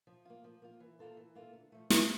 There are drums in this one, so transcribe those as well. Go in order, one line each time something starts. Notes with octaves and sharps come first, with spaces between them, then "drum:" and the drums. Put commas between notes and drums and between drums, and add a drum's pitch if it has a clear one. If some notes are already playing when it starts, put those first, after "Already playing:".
F3
A#3 F4
F3
A#3 F4
E3
A#3 F4 A4 C5
E3
A#3 F4 A4 C5
D3
F3 A3
D3, drum: snare